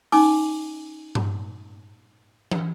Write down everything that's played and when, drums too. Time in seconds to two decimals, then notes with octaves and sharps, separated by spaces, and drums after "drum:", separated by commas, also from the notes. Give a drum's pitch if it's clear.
0.12 C#4 D#4 G#5 D6, drum: open hi-hat
1.15 drum: tom G2
2.51 drum: tom